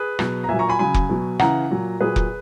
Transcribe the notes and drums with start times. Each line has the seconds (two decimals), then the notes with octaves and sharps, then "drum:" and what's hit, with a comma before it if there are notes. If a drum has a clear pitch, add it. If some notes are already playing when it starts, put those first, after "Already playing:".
Already playing: G#4 B4
0.19 B2 F#3, drum: rim click
0.44 A#5
0.49 A#2 F#3 E5 G#5
0.59 A#5 C#6
0.69 G#5 B5
0.79 C#3 F#3 G#5 B5
0.94 drum: kick F1
1.09 B2 F#3
1.39 C#3 E3 F#5 A#5, drum: rim click
1.70 A#2 F#3
2.01 A#2 F#3 G#4 B4
2.16 drum: kick F1